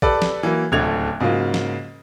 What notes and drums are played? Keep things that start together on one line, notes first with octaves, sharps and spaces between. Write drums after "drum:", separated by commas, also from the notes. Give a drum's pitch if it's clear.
G4 A4 B4 D5, drum: kick
drum: snare
E3 F#3 A#3
D1 C#2 D3 A3 G#6 F7
G#2 C#3 F#3 A#3 F4
drum: snare